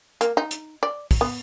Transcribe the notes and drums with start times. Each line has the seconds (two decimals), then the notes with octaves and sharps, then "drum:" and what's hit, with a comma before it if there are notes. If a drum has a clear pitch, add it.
0.21 A#3, drum: hi-hat
0.37 D#4
0.51 drum: hi-hat
0.83 D5
1.11 drum: kick, open hi-hat
1.21 B3